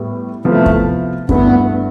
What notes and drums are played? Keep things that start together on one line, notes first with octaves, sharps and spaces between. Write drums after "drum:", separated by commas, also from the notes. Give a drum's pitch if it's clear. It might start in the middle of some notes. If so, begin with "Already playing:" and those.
Already playing: A2 G3 B3
C3 F3 A3 B3 E4
drum: kick
G2 D3 A3 B3 E4 B4, drum: kick